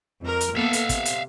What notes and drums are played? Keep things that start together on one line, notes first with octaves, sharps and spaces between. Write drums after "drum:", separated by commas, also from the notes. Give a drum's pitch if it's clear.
F2 A#4
drum: hi-hat
A#3 B3 A4 E5 F5
drum: hi-hat
C3, drum: kick, hi-hat
drum: hi-hat